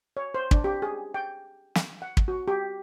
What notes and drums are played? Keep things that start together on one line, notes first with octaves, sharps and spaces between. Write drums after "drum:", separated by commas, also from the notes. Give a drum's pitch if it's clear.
C#5
C5
D4, drum: kick
G4
G#4
G5
drum: snare
F#5
drum: kick
F#4
G4